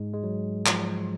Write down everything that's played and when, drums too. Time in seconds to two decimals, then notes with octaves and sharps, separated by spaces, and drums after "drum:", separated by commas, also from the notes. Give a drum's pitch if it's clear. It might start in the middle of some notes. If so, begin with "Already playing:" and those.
Already playing: G#2 G#3
0.13 G#3
0.23 F#3
0.66 F3, drum: clap